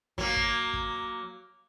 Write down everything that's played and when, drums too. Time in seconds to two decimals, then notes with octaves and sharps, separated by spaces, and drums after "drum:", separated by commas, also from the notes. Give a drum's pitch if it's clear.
0.18 F#3 A#3, drum: kick
0.36 drum: kick
0.73 drum: kick